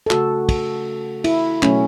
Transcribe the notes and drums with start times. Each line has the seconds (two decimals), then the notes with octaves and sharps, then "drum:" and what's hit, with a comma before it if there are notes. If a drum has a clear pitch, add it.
0.06 A4
0.10 C#3 A3 F#4, drum: clap
0.49 drum: kick, cymbal
1.24 E4, drum: cymbal
1.62 B2 F#3 A3 C#4, drum: clap